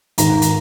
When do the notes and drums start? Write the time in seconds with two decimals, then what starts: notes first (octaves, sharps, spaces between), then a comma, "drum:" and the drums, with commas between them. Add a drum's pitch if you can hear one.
0.18 G#1 G#2 D#3 A#5, drum: hi-hat
0.42 drum: hi-hat